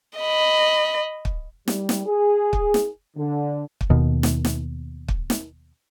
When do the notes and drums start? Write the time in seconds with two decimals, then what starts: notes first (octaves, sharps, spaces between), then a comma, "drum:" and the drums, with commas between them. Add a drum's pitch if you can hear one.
0.19 D#5 B5
1.25 drum: kick
1.68 G3, drum: snare
1.89 drum: snare
2.06 G#4
2.53 drum: kick
2.74 drum: snare
3.17 D3
3.81 drum: kick
3.90 D#2 B2
4.23 drum: snare
4.45 drum: snare
5.08 drum: kick
5.30 drum: snare